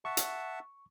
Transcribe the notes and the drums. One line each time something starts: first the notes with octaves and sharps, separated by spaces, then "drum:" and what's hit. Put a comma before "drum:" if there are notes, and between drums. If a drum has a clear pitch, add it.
E5 F#5 A5 C#6
drum: hi-hat